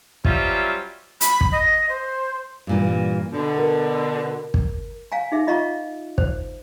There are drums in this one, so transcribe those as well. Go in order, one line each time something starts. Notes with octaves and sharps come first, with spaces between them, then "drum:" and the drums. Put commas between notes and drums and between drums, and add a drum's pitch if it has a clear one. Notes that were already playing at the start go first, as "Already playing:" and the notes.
F#3 G3 C#4 F4 C5 E5, drum: kick
B5, drum: hi-hat
drum: kick
D#5
C5
G2 A#2 E3
B2 D3
A#4
drum: kick
F5 G#5 A#5
D#4 G#4 E5
F4 D#5 F5 A#5 C#6
C5, drum: kick